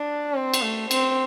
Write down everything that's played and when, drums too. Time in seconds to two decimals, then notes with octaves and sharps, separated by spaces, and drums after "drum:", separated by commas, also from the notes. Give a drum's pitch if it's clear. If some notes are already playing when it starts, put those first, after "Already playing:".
Already playing: D4
0.34 C4
0.54 drum: cymbal
0.63 A3
0.91 C4, drum: cymbal